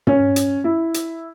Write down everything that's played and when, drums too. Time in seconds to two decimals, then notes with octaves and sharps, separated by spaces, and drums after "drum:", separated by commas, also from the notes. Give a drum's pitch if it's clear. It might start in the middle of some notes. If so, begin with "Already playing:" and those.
0.07 C#4, drum: tom
0.36 drum: hi-hat
0.64 E4
0.94 drum: hi-hat